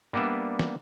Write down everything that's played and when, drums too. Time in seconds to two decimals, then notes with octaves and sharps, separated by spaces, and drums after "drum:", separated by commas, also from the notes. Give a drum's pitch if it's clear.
0.13 G3 A#3 B3 D4 E5
0.59 drum: snare